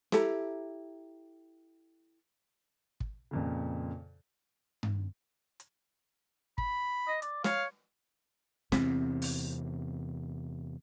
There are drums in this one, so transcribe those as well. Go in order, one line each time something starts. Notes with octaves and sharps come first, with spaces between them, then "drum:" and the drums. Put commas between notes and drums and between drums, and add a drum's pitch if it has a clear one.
E4 G4 A4 A#5, drum: snare
drum: kick
F2 A#2 C#3
drum: tom G2
drum: hi-hat
B5, drum: kick
D#5
D5, drum: hi-hat
C#5 F5, drum: snare
E2 C3 C4, drum: snare
drum: open hi-hat